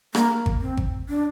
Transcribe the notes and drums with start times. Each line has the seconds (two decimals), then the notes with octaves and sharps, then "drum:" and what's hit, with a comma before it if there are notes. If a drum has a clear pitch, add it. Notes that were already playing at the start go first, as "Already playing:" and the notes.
0.15 A#3, drum: rim click
0.46 drum: kick G#1
0.61 C4
0.77 drum: kick G#1
1.09 D4